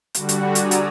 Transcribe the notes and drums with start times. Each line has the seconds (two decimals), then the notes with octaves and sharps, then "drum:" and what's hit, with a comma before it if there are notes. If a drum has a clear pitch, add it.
0.14 D3 G3 F#4, drum: hi-hat
0.29 drum: hi-hat
0.55 D5 G#5 A#5 D#6 E6, drum: hi-hat
0.71 drum: hi-hat